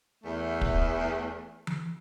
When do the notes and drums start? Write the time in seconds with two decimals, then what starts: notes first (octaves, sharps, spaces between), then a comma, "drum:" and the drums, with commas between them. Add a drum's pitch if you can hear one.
0.24 E2 A3
0.61 drum: kick
1.67 drum: tom E3